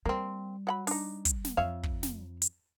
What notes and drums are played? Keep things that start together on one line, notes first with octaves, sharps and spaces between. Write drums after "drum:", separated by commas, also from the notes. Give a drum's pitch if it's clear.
G3 A#3 C4
F#3 F#5 B5
D4 D#4, drum: open hi-hat
drum: kick, hi-hat
drum: snare
F2 C#5 E5 F5
drum: kick
drum: snare
drum: hi-hat